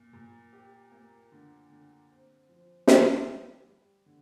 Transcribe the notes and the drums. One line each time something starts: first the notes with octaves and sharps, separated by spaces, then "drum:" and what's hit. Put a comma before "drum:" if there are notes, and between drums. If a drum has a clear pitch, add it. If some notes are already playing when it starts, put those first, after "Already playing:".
Already playing: A#2
A#2
G4
A#3
D3
D3
C4
F3
D3, drum: snare
G4
G3
D3